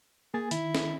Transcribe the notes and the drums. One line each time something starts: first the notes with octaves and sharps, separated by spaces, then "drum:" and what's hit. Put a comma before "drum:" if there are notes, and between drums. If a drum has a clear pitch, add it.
A#3 G#4 G#5 A6
D#3 E4, drum: hi-hat
drum: snare